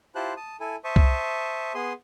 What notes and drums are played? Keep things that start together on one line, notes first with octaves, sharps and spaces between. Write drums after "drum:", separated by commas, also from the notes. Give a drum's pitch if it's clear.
E4 F4 G4 C5 A5 F#6
A5 D#6
E4 A4 G#5
C5 E5 A5 C#6 D#6
drum: kick C2
B3 G#4 C6 D#6